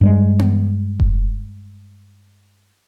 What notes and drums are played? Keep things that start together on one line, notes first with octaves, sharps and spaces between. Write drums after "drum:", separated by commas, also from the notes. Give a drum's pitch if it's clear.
G2 G3 G#3
drum: tom B3
drum: kick F1